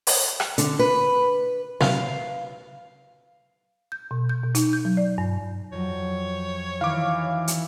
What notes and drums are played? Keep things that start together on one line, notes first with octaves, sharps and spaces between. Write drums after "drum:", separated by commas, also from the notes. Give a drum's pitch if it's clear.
drum: open hi-hat
drum: rim click
D3, drum: hi-hat
B4
F5, drum: snare
G6
B2
G6
B2
D#4, drum: hi-hat
G6
F#3
D5
G2
F2 F#3 C#5
D#3 E3 F5 D6
drum: hi-hat